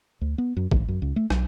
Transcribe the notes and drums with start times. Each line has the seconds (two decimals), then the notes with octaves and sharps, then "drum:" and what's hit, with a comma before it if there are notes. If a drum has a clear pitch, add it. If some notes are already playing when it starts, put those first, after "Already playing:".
0.21 D2
0.38 B3
0.57 F#2
0.71 G#1, drum: kick A1
0.88 F#2
1.02 C#2
1.16 A3
1.30 B1, drum: rim click